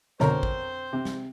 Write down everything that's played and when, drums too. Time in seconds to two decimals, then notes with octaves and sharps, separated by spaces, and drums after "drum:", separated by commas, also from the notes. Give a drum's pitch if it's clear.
0.20 F2 B2 D3 C4 A#4 C5 C#5 A#5, drum: snare
0.43 drum: kick
0.93 C3
1.05 drum: snare